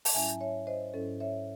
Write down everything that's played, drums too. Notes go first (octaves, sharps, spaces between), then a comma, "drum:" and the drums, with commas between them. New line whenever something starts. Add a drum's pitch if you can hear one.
A5, drum: open hi-hat
G#2 F#3 C#4 E4 E5 G#5
C#5 E5
C5 D#5
G#2 F#3 C#4 E4 A4
C#5 E5